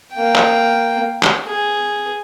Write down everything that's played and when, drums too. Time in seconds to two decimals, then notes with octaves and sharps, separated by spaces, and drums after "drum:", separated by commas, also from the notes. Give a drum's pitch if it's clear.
0.13 A#3 G5
0.35 drum: clap
1.23 drum: clap
1.47 G#4